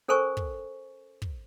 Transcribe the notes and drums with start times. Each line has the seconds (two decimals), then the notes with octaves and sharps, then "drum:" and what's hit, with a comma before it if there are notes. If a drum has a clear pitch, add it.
0.08 C#4 A4 A#4 C5 G#5 C#6
0.37 drum: kick
1.22 drum: kick